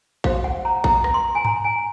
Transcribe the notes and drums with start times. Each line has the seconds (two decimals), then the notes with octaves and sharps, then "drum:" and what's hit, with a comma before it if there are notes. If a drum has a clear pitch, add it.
0.24 F#4 C5 F5, drum: kick
0.44 F#5
0.65 A#5
0.84 A#5, drum: kick
1.04 drum: rim click
1.14 C6
1.35 G#5
1.45 A#5, drum: tom G2
1.64 G#5